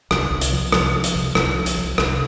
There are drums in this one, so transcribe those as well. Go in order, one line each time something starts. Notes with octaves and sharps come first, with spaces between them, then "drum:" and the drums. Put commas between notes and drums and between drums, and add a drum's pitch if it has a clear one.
C2, drum: rim click
C2
drum: hi-hat
F3
C2, drum: rim click
F3
drum: hi-hat
C2
C2, drum: rim click
F3
drum: hi-hat
C2
C2, drum: rim click